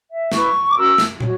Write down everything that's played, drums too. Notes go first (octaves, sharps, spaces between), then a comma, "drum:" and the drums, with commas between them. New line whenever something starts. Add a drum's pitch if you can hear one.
E5
E4 B4 C#6, drum: snare
D6
C#4 F#4 A#4 E6
drum: snare
F#4 C#5, drum: tom